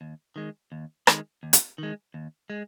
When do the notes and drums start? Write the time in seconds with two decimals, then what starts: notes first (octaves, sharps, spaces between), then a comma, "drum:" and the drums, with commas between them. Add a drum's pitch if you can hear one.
0.01 D#2
0.36 D#3 G#3
0.72 D#2
1.07 D#3 G#3, drum: rim click
1.43 D#2
1.53 drum: hi-hat
1.78 D#3 G#3
2.14 D#2
2.50 G#3